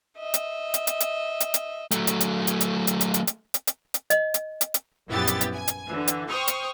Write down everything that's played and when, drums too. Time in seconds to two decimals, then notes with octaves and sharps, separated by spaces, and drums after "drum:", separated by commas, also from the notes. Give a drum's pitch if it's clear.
0.18 D#5 E5
0.34 drum: hi-hat
0.74 drum: hi-hat
0.87 drum: hi-hat
1.00 drum: hi-hat
1.40 drum: hi-hat
1.54 drum: hi-hat
1.91 F#3 A3, drum: hi-hat
2.07 drum: hi-hat
2.21 drum: hi-hat
2.47 drum: hi-hat
2.61 drum: hi-hat
2.87 drum: hi-hat
3.01 drum: hi-hat
3.14 drum: hi-hat
3.27 drum: hi-hat
3.54 drum: hi-hat
3.67 drum: hi-hat
3.94 drum: hi-hat
4.10 D#5, drum: hi-hat
4.34 drum: hi-hat
4.61 drum: hi-hat
4.74 drum: hi-hat
5.08 A#1 F#2 B3 E4 G4 A6
5.27 drum: hi-hat
5.41 drum: hi-hat
5.54 G#5
5.67 drum: hi-hat
5.87 D3 E3
6.08 drum: hi-hat
6.29 C5 G5 C#6 D#6 F6
6.48 drum: hi-hat